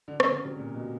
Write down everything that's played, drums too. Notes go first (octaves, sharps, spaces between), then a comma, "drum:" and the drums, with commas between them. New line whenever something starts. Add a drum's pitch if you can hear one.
D3
D3, drum: rim click
C#3
C3
A#2
B2